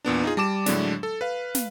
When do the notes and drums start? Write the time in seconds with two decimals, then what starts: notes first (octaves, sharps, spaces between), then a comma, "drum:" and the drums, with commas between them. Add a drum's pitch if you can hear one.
0.05 E2 A#2 B3 D4
0.23 D#4 F4 G#4
0.37 G3 A5 D6 E7
0.66 A2 D3 F#3 G#3 D4, drum: snare
1.03 A4
1.21 B4 F5
1.55 drum: snare